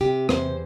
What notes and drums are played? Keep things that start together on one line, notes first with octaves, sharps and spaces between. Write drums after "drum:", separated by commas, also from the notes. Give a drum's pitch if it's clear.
C3 G4
E2 C5, drum: rim click